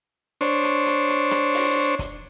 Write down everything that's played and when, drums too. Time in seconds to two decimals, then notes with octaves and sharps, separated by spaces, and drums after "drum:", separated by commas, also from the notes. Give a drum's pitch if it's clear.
0.41 D4 C5 C#5, drum: hi-hat
0.63 drum: hi-hat
0.86 drum: hi-hat
1.09 drum: hi-hat
1.31 drum: rim click
1.54 drum: open hi-hat
1.99 drum: kick, hi-hat